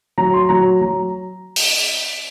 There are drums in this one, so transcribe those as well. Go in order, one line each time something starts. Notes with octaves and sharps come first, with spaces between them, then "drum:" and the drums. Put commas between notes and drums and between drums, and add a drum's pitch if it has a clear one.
F#3 A#5
C6
F#3 A#5
F#3 A#5
drum: open hi-hat